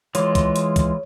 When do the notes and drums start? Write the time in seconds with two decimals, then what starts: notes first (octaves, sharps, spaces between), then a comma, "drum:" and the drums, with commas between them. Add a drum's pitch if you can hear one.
0.15 E3 G#3 F4 C#5, drum: hi-hat
0.35 drum: kick, hi-hat
0.56 drum: hi-hat
0.76 drum: kick, hi-hat